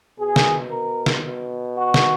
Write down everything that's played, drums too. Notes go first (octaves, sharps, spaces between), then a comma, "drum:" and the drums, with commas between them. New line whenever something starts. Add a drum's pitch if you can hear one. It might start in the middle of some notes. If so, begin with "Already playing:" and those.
B2 G#4
drum: snare
A#4
drum: snare
B2
F#4
drum: snare